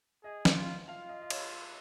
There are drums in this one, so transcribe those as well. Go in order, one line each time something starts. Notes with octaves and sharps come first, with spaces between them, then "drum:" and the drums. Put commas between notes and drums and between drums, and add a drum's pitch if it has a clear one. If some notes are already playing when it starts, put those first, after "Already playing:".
G#4 D#5
F5, drum: snare
F4
F4 F5
D#5
D#5
C#5, drum: cymbal